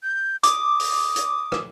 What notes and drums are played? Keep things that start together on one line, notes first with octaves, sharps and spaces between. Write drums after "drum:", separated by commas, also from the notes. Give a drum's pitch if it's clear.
G6
D6 D#6, drum: hi-hat
drum: open hi-hat
drum: hi-hat
drum: rim click